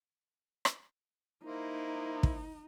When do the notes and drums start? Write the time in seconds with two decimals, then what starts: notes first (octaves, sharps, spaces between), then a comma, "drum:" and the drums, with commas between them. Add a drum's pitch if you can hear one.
0.65 drum: rim click
1.44 A#3 D#4 E4 C5
2.23 drum: kick